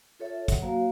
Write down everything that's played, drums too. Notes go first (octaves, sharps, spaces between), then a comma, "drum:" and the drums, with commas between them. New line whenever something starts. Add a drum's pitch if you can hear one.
F4 A4 C#5 E5
F#3, drum: kick, hi-hat
A#3 F#4 C5 F5